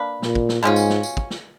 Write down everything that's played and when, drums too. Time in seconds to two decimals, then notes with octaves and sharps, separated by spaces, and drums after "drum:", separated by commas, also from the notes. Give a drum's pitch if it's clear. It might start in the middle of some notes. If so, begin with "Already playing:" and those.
Already playing: A#3 D4 B4
0.22 A#2, drum: snare
0.35 drum: kick
0.49 drum: snare
0.62 G#2 B2 G#3 C#4 F4
0.76 drum: tambourine
0.90 drum: snare
1.03 drum: tambourine
1.17 drum: kick
1.30 drum: snare